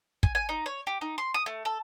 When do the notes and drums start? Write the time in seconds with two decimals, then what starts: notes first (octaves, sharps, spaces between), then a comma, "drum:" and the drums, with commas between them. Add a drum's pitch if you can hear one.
0.23 G#5, drum: kick
0.35 G#5
0.49 D#4
0.66 C#5
0.87 G4
1.01 D#4
1.18 C6
1.34 D#6
1.46 A3
1.65 A4